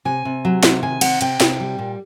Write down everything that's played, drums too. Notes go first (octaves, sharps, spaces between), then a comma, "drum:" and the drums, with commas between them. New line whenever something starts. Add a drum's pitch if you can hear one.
C3 G#5
C3
F#3
C3, drum: snare E4
D#3 G#5
C3 F#5, drum: cymbal
C3 G5, drum: hi-hat
C3, drum: snare E4
G3
A#2